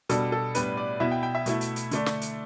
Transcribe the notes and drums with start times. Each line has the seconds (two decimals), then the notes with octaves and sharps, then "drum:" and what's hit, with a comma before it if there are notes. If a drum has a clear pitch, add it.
0.09 B2 G3 D4 A4, drum: hi-hat
0.32 A4
0.55 A2 G3 B3 D4 B4, drum: hi-hat
0.77 D5
1.00 B2 B3 E4 E5
1.11 G5
1.23 G5
1.35 E5
1.46 B2 A3 E4, drum: hi-hat
1.61 drum: hi-hat
1.76 drum: hi-hat
1.91 D3 A3 D4, drum: hi-hat
2.06 drum: snare
2.21 drum: hi-hat